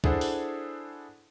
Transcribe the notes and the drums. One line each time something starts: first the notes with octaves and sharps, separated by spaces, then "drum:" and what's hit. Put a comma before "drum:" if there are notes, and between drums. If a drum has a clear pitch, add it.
D4 E4 G#4 A4 C5 F#5, drum: kick
drum: open hi-hat